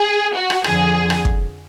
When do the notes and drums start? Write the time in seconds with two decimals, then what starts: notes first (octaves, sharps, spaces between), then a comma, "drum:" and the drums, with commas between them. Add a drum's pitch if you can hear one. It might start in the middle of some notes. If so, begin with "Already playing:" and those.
Already playing: G#4
0.35 F#4
0.50 drum: rim click
0.64 F2 D3 F3 G#4, drum: rim click
1.10 drum: rim click
1.25 drum: kick